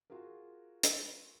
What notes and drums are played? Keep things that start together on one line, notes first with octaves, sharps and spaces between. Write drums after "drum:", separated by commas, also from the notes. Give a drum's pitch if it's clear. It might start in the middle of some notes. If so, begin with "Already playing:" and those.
F4 F#4 G#4 A#4
drum: hi-hat